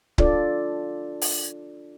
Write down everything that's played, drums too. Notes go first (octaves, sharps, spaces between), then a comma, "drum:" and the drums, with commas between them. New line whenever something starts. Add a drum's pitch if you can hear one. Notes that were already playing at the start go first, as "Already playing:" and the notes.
D4 F4 A4 D5, drum: kick C#1
drum: open hi-hat